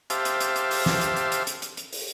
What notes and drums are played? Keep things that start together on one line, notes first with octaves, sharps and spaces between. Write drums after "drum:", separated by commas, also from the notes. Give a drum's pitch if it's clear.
G4 C5 E5 F5 A5, drum: hi-hat
drum: hi-hat
drum: hi-hat
drum: hi-hat
drum: open hi-hat
drum: snare
drum: hi-hat
drum: hi-hat
drum: hi-hat
drum: hi-hat
drum: hi-hat
drum: hi-hat
drum: open hi-hat